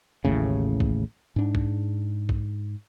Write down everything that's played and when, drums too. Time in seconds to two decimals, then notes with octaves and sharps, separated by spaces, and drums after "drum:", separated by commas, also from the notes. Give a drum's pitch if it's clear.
0.25 A1 D#2 A2 C#3
0.80 drum: kick
1.36 G#2 D4
1.55 drum: kick
2.29 drum: kick